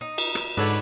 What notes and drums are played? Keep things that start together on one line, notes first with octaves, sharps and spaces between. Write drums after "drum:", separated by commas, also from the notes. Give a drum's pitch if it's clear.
D#4
drum: cymbal
drum: rim click
G#2 D3 D4 F#4 A4 B4 C#5